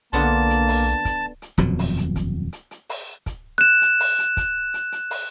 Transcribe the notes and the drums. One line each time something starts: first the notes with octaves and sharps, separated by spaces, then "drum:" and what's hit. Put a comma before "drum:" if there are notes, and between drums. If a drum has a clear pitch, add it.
B1 D3 A#3 B3 F4 A5
drum: hi-hat
drum: open hi-hat
drum: kick, hi-hat
drum: hi-hat
D#1 F2 B2 F#3, drum: hi-hat
drum: open hi-hat
drum: hi-hat
drum: kick, hi-hat
drum: hi-hat
drum: hi-hat
drum: open hi-hat
drum: kick, hi-hat
F#6 E7
drum: hi-hat
drum: open hi-hat
drum: hi-hat
drum: kick, hi-hat
drum: hi-hat
drum: hi-hat
drum: open hi-hat